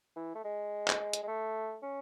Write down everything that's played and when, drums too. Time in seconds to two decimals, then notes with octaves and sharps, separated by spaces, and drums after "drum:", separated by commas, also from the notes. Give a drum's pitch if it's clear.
0.16 E3
0.35 A3
0.44 G#3
0.88 drum: clap
1.13 drum: hi-hat
1.23 G#3
1.27 A3
1.83 C#4